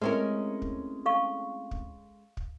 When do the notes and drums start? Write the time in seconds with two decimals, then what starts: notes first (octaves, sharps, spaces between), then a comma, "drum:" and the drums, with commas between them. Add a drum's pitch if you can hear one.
0.02 G#3 A3 C4 C#4 E4 A#4 B4
0.62 drum: kick
1.06 A4 F5 C#6
1.71 drum: kick
2.37 drum: kick